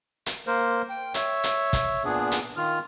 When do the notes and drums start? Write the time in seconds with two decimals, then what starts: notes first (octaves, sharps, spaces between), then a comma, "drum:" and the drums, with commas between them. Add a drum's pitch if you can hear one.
0.26 drum: hi-hat
0.47 A#3 A#4 C5
0.89 G5
1.14 C#5 E5, drum: hi-hat
1.44 drum: hi-hat
1.73 drum: kick, hi-hat
2.04 A#2 B3 D4 G#4
2.32 drum: hi-hat
2.57 D#3 F4 F6